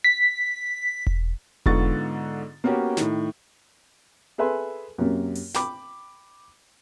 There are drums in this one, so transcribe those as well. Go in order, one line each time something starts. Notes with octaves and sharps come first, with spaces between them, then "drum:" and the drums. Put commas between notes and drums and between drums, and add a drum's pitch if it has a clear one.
B6
drum: kick E1
G#2 D3 B3 F4 C#6 A6, drum: kick E1
A#3 B3 C#4 F#4 G4 C#5
A2 D#3, drum: snare
G#4 A4 B4 E5 G#5 C6
F#2 C3 A#3
drum: open hi-hat
G5 B5 D6, drum: snare